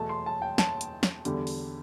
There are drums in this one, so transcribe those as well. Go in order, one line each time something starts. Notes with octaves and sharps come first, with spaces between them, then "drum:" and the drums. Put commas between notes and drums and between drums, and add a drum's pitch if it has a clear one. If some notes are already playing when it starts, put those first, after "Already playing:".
Already playing: E2 B2 A3 A5
C6
A5
G5
A5, drum: snare
drum: hi-hat
drum: snare
E2 D3 G3, drum: hi-hat
drum: open hi-hat